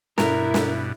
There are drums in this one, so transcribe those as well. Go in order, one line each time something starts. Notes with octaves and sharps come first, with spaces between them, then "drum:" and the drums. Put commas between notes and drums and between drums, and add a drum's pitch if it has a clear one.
G2 B2 E4 A#4, drum: snare
drum: snare